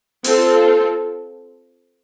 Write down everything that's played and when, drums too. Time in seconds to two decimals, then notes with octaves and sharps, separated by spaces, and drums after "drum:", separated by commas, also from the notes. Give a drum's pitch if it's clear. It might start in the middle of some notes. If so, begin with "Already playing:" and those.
0.24 C4 F4 A4, drum: open hi-hat